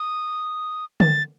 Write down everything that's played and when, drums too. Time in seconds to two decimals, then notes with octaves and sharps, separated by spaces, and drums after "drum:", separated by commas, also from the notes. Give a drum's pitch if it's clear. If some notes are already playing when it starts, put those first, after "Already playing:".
Already playing: D#6
1.00 A6, drum: tom D3